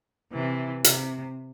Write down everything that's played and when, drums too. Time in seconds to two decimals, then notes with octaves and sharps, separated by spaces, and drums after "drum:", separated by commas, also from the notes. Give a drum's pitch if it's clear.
0.32 C3 E3
0.84 C3, drum: hi-hat